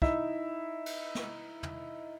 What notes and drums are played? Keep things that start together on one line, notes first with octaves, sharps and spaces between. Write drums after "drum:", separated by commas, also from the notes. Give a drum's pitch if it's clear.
D#4 E4 E5, drum: kick
drum: cymbal
drum: snare
drum: tom